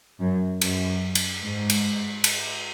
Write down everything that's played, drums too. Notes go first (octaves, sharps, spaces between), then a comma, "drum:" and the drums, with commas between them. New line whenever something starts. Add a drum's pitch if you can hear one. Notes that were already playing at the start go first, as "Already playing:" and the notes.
F#2
F#2, drum: cymbal
drum: cymbal
G#2
drum: cymbal
drum: cymbal